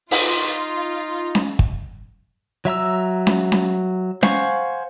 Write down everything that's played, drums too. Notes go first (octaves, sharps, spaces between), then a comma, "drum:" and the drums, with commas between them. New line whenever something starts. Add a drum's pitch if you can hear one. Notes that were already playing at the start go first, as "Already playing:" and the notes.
D#4 F4 D#5, drum: open hi-hat
drum: snare C#4
drum: kick
F#3 E5 A#5 E6
drum: snare C#4
drum: snare C#4
C5 F5 F#5 G#5 C#6, drum: snare C#4